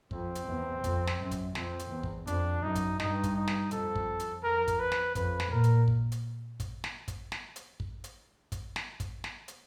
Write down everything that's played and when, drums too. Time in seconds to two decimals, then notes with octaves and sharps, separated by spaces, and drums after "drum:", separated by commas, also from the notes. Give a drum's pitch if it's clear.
0.11 F2 C4, drum: kick
0.35 drum: hi-hat
0.47 E2
0.84 F2, drum: kick, hi-hat
1.07 drum: snare
1.20 F#2
1.31 drum: kick, hi-hat
1.55 F2 C4, drum: snare
1.79 drum: hi-hat
1.91 E2
2.03 drum: kick
2.27 F2 D4, drum: hi-hat
2.63 F#2 D#4
2.75 drum: kick, hi-hat
3.00 G2 D#4, drum: snare
3.23 drum: kick, hi-hat
3.36 D#4
3.47 drum: snare
3.71 F2 A4, drum: hi-hat
3.96 drum: kick
4.20 drum: hi-hat
4.43 F2 A#4
4.68 drum: kick, hi-hat
4.79 B4
4.92 drum: snare
5.15 F2 B4, drum: kick, hi-hat
5.40 drum: snare
5.51 A#2 A#4
5.64 drum: hi-hat
5.88 drum: kick
6.12 drum: hi-hat
6.60 drum: kick, hi-hat
6.84 drum: snare
7.08 drum: kick, hi-hat
7.32 drum: snare
7.56 drum: hi-hat
7.80 drum: kick
8.04 drum: hi-hat
8.52 drum: kick, hi-hat
8.76 drum: snare
9.00 drum: kick, hi-hat
9.24 drum: snare
9.48 drum: hi-hat